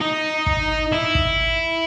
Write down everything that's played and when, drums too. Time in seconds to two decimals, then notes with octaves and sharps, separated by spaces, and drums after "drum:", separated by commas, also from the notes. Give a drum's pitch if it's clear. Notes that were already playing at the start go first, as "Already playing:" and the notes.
0.01 D#4
0.46 drum: kick
0.92 E4
1.15 drum: kick